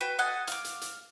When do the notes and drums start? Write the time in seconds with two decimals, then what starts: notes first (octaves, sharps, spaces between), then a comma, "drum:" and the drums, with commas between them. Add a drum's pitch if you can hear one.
0.01 F#4 B4 G5 B5
0.19 A4 D#5 F#5 G#5
0.47 F5 D6, drum: hi-hat
0.64 drum: hi-hat
0.81 drum: hi-hat